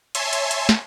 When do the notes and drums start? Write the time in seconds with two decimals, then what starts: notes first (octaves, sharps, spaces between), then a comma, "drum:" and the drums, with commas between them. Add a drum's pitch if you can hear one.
0.15 C#5 E5 G#5 A5 C6, drum: hi-hat
0.33 drum: hi-hat
0.51 drum: hi-hat
0.69 drum: snare